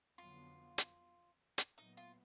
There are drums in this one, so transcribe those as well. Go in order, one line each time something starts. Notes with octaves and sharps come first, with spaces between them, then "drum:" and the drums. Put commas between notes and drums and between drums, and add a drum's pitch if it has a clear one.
F2 D3 F#3 B3 F4
drum: hi-hat
drum: hi-hat
A#2 F#3 B3 D#4
F4